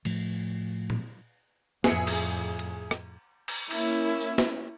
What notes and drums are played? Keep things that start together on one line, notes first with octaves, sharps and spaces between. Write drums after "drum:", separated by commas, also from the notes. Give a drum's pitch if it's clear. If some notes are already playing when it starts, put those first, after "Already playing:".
A2 F3 A3, drum: cymbal
drum: tom A#2
F2 A2 G#4 E5 C#7, drum: snare
drum: cymbal
drum: hi-hat
drum: rim click
drum: cymbal
A#3 C#4 E4, drum: cymbal
drum: tambourine
drum: snare